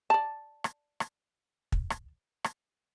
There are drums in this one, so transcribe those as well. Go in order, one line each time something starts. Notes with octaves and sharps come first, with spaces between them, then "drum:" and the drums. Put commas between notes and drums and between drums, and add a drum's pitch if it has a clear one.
D5 A5
drum: rim click
drum: rim click
drum: kick
drum: rim click
drum: rim click